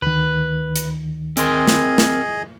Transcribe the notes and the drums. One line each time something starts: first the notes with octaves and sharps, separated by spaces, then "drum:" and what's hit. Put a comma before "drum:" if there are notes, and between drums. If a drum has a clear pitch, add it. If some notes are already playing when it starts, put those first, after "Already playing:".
D2 D#3 B4
drum: hi-hat
C4 G#4 A#4 D#5 C6, drum: hi-hat
drum: snare
drum: snare